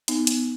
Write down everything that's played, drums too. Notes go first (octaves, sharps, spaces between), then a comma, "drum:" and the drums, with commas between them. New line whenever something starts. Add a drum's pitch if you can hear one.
B3 D#4, drum: hi-hat
B3, drum: hi-hat